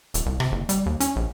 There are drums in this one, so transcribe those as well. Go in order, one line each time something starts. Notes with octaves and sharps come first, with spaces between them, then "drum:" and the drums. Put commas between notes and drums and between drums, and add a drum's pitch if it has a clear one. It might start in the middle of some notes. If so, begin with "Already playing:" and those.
D#1, drum: hi-hat
C2
C3, drum: rim click
F#1
G3, drum: hi-hat
D#2
C#4, drum: hi-hat
A#1